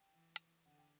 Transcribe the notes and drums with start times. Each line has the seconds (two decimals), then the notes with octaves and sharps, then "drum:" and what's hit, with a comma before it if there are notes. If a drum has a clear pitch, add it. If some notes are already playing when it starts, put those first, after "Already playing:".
Already playing: G5
0.13 E3
0.36 drum: hi-hat
0.66 D3 F#5
0.78 G5